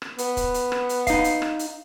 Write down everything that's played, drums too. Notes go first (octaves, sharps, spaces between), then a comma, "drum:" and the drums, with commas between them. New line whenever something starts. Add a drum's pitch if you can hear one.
drum: rim click
B3, drum: hi-hat
drum: kick C#1, hi-hat
drum: hi-hat
drum: rim click
drum: hi-hat
D#4 D#5 F5, drum: kick C#1, hi-hat
drum: hi-hat
drum: rim click
drum: hi-hat